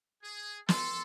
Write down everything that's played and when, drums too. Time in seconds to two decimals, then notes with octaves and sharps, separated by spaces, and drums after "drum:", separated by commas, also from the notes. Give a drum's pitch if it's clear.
0.23 G#4
0.69 A4 C6, drum: snare